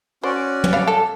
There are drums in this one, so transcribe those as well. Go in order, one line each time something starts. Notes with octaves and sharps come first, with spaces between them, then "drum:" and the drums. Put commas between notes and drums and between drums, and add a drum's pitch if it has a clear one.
C#4 F#4 C5 D5
drum: tom
G3 F5
A4